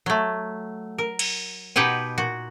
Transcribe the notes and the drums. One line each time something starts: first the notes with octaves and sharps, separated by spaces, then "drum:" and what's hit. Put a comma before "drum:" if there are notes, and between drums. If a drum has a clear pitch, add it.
F#3 A3
A#4
drum: cymbal
B2 D#4 G4 B4 F#5 G#5
A#2 F#4